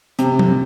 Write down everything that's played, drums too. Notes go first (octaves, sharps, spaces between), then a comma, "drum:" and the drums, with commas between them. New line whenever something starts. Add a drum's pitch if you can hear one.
C3, drum: hi-hat
drum: tom F#3